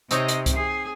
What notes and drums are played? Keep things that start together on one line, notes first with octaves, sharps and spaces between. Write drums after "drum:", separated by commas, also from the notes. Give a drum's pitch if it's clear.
C3 C4 D#4 C#5 D#5, drum: hi-hat
drum: hi-hat
drum: kick C2, hi-hat
G#4 C7